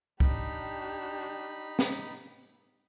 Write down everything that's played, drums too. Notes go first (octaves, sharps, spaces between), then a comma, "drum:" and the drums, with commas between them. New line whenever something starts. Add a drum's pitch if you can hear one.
D4 D#4 G4 B5, drum: kick
drum: snare